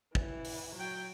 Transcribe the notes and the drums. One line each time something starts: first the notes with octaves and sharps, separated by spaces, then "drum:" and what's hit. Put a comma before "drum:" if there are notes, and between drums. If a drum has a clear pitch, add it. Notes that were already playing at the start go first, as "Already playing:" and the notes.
E3, drum: kick
drum: open hi-hat
F#3 G5